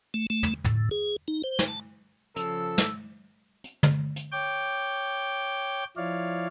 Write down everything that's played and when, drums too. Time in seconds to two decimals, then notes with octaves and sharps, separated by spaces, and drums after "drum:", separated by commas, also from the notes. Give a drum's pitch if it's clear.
0.14 A3
0.30 A3
0.43 drum: tom
0.65 A2, drum: tom
0.91 G#4
1.28 D#4
1.44 C5
1.59 drum: snare
1.68 A5
2.36 C#3 F3 A4 E6, drum: hi-hat
2.78 drum: snare
3.64 drum: hi-hat
3.83 drum: tom
4.16 drum: hi-hat
4.32 C#5 G5 D6 G6
5.97 F3 E4 C#5 D5 F5